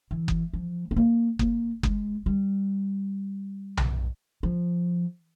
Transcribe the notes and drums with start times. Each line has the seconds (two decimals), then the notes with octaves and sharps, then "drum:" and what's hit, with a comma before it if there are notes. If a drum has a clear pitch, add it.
0.11 E3
0.28 drum: kick F#1
0.53 F3
0.91 C4
0.96 A#3
1.39 A#3, drum: kick F#1
1.83 G#3, drum: kick F#1
2.26 G3
3.77 drum: tom B1
4.43 F3